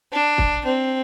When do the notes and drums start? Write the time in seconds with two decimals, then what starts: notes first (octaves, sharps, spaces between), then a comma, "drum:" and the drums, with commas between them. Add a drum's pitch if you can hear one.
0.12 D4
0.38 drum: kick
0.64 C4